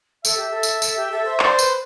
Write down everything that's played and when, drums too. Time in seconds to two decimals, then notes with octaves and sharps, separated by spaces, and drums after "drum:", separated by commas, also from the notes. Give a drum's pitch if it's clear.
0.25 A4 E5, drum: tambourine
0.37 G4
0.51 A4
0.63 drum: tambourine
0.82 A4, drum: tambourine
0.96 G4
1.12 A4
1.25 C5
1.39 C5 D5, drum: clap
1.59 B4, drum: tambourine